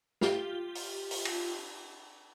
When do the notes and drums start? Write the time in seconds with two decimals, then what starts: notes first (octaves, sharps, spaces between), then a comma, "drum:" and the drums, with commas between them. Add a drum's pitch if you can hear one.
0.21 F4 G4 G7, drum: snare
0.75 drum: open hi-hat
1.11 drum: open hi-hat
1.25 drum: cymbal